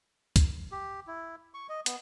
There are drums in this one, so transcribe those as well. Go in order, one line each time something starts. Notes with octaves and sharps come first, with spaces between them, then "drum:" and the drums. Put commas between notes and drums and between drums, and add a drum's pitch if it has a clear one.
drum: kick, hi-hat
G4
E4
C#6
D#5
B3, drum: hi-hat